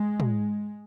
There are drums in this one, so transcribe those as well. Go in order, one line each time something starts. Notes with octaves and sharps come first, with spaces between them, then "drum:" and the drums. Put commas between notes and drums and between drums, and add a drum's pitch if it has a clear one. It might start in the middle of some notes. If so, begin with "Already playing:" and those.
Already playing: G#3
drum: tom